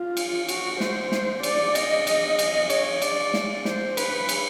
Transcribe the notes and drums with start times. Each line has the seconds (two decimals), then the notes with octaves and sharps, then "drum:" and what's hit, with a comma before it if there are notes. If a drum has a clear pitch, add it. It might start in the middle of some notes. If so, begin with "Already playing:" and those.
Already playing: F4
0.17 drum: cymbal
0.48 F#4, drum: cymbal
0.80 C5, drum: snare
1.12 drum: snare
1.43 D5, drum: cymbal
1.75 D#5, drum: cymbal
2.07 drum: cymbal
2.39 D#5, drum: cymbal
2.70 C#5, drum: cymbal
3.02 D5, drum: cymbal
3.34 drum: snare
3.65 C5, drum: snare
3.97 B4, drum: cymbal
4.29 drum: cymbal